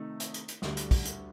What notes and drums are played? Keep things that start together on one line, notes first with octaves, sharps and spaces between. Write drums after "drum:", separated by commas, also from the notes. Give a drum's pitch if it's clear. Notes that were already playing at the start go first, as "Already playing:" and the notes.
Already playing: C3 D#3 A3 D#4
drum: hi-hat
drum: hi-hat
drum: hi-hat
D2 D3 G3 D4, drum: snare
drum: hi-hat
drum: kick, open hi-hat
drum: hi-hat